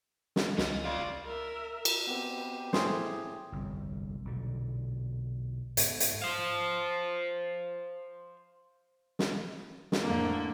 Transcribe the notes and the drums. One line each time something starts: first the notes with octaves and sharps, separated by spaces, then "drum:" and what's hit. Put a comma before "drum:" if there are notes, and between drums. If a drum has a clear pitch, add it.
drum: snare
C#2 D3 F4 D#5, drum: snare
C#3 F4 D5
A#4 E5
drum: cymbal
B3 C4 G4
A2 G#4 C5, drum: snare
G1 C2 F2
B1 A#2 D3
G#2 B3, drum: hi-hat
drum: hi-hat
C5 F5
drum: snare
drum: snare
F2 A2 D3 A#3